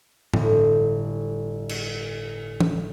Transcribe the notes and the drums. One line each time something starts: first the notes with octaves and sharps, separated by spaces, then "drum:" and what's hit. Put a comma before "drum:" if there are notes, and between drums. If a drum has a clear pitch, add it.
G1 A2, drum: tom G2
drum: cymbal
drum: tom